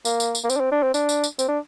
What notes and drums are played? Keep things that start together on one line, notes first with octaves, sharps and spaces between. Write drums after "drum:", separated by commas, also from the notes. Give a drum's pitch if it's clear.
A#3, drum: tambourine
drum: tambourine
drum: tambourine
A#3
C4, drum: tambourine
D4
C4
D4
C4
D4, drum: tambourine
drum: tambourine
drum: tambourine
C4, drum: tambourine
D4